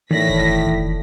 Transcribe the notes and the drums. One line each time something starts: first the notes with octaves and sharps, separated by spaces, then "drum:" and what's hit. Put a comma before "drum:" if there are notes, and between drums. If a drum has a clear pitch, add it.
A2 D#3 E3 D5 A#6 B6
drum: kick F1
drum: kick F1